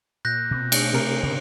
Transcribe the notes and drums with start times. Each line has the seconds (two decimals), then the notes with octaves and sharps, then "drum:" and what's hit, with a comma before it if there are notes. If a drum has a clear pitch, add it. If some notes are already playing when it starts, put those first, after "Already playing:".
0.25 A#2 F#6 G6 A#6
0.51 B2 C4
0.72 A3, drum: cymbal
0.93 C3 A#4
1.23 G#2 C#3 B3